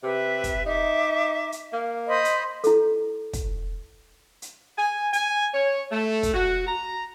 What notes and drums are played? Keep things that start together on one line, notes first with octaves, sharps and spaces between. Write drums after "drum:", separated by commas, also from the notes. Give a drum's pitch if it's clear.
C3 B4 E5
drum: kick, hi-hat
D#4 E5 D6
drum: hi-hat
A#3
C5 D#5 B5
drum: hi-hat
E4 A4, drum: hi-hat
drum: kick, hi-hat
drum: hi-hat
G#5
G#5, drum: hi-hat
C#5
A3
drum: kick, hi-hat
F#4
A#5